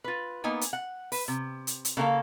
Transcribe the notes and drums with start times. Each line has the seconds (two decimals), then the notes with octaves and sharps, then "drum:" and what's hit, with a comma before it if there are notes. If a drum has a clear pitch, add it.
0.04 F4 B4
0.44 A#3 B3 D#4 G#5
0.61 drum: hi-hat
0.73 F#5
1.12 B4, drum: open hi-hat
1.28 C3
1.67 drum: hi-hat
1.85 drum: hi-hat
1.97 C#3 A#3 A4 F5